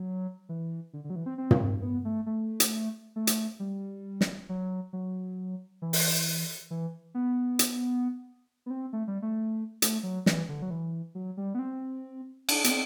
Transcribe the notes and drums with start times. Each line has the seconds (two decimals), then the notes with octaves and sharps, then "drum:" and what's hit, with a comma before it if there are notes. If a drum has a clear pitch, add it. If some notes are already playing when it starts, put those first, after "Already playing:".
Already playing: F#3
0.49 E3
0.93 D3
1.04 D3
1.10 F#3
1.16 E3
1.26 C4
1.38 C4
1.51 drum: tom
1.82 B3
2.05 A3
2.26 A3
2.60 drum: hi-hat
3.16 A3
3.27 drum: hi-hat
3.60 G3
4.21 drum: snare
4.49 F#3
4.93 F#3
5.82 E3
5.93 drum: open hi-hat
6.71 E3
7.15 B3
7.59 drum: hi-hat
8.66 B3
8.70 C4
8.93 A3
9.08 G3
9.22 A3
9.82 A3, drum: hi-hat
10.03 F#3
10.26 E3, drum: snare
10.49 D3
10.62 F#3
10.71 E3
11.15 F#3
11.37 G3
11.55 B3
11.59 C4
12.49 D4, drum: cymbal
12.64 B3, drum: hi-hat
12.70 C4